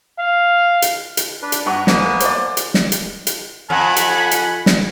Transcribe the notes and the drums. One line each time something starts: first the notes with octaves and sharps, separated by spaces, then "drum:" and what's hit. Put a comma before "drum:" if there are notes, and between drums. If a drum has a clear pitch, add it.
F5
drum: hi-hat
drum: hi-hat
D4 B4
drum: hi-hat
G2 D4 F#5 G#5 A#5 C#6
F#1 A#3 B3 G#5, drum: snare
C5 D5, drum: hi-hat
drum: hi-hat
drum: snare
drum: hi-hat
drum: hi-hat
F2 F#5 G#5 B5
drum: hi-hat
drum: hi-hat
drum: snare